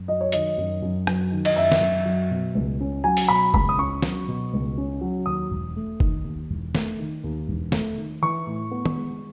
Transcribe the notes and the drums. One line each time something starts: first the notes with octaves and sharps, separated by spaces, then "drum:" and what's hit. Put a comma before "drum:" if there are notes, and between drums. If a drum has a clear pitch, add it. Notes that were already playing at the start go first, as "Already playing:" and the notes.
Already playing: F#2
F#3 D#5
C#5
D#3 D#5, drum: hi-hat
F#2
F#2
F#3, drum: rim click
D#3
D#5, drum: cymbal
F#2 E5
drum: snare
F#2
F#3
B2
C#2
C#4
F#3 G#5
drum: open hi-hat
B2 B5
C#2 B5, drum: kick F#1
D#6
C#4 C#6
F#3, drum: snare
B2
C#2
C#4
F#3
D#2 D#6
E1
A3
D#3, drum: kick F#1
D#2
E1
A3, drum: snare
D#3
D#2
E1
A3, drum: snare
D#3
E3 C#6
A2
B3
drum: tom
G#3